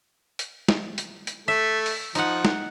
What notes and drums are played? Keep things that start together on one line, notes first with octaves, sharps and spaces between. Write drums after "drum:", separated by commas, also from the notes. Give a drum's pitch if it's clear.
drum: hi-hat
drum: snare
drum: hi-hat
drum: hi-hat
A3 E5
drum: open hi-hat
F3 D#4 F#5, drum: hi-hat
drum: snare